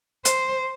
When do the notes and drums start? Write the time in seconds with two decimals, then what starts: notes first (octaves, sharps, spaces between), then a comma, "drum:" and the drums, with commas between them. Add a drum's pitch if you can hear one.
0.25 C5, drum: hi-hat